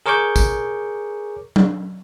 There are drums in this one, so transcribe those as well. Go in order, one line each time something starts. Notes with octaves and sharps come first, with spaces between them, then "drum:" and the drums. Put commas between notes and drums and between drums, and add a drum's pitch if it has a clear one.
G#4 A#4 C#5 C#6 D6 G6
drum: kick, tambourine
drum: tom F#3